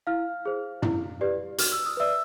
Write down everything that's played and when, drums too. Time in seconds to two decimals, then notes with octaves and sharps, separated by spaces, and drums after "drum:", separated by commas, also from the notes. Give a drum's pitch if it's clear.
0.07 E4 F5 F6
0.46 G#4 C5
0.82 E4, drum: tom
1.21 G4 B4 D5
1.58 F#4 F6, drum: hi-hat
1.72 E6
1.86 D#6
1.97 B4 D5 E5 E6